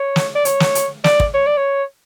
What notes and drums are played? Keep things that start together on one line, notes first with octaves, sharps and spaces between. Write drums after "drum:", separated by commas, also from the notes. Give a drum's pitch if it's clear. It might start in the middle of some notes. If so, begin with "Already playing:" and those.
Already playing: C#5
drum: snare
D5
C#5, drum: hi-hat
drum: snare
drum: hi-hat
D5, drum: snare
drum: kick
C#5
D5
C#5